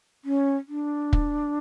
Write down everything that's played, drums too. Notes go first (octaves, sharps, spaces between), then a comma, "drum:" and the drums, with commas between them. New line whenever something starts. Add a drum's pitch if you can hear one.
C#4
D4
drum: kick